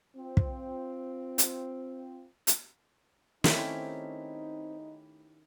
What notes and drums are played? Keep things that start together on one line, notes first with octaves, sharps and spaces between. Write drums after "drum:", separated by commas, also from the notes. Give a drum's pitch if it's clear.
C4 F4
drum: kick
drum: hi-hat
drum: hi-hat
D#3 A3 C4 C#4 D#4 E4 G4, drum: snare